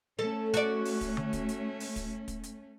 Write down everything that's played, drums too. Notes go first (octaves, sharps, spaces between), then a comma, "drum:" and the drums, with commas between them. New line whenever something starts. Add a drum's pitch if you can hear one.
A3 C#4 A4
F#4 D5, drum: hi-hat
drum: open hi-hat
drum: kick, hi-hat
drum: tom D3
drum: kick, hi-hat
drum: hi-hat
drum: open hi-hat
drum: kick, hi-hat
drum: kick, hi-hat
drum: hi-hat